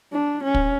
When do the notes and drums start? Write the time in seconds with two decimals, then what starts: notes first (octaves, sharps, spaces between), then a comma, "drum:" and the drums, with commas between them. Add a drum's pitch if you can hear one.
0.13 D4
0.43 C#4
0.54 drum: kick